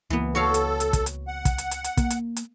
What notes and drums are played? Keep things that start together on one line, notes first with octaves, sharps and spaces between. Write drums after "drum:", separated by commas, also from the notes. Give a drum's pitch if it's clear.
C#2 E3 A#3 B3
F#4 A4 C#5 F5
drum: hi-hat
drum: hi-hat
drum: kick, hi-hat
drum: hi-hat
F#5
drum: kick, hi-hat
drum: hi-hat
drum: hi-hat
drum: hi-hat
A#3, drum: kick, hi-hat
drum: hi-hat
drum: hi-hat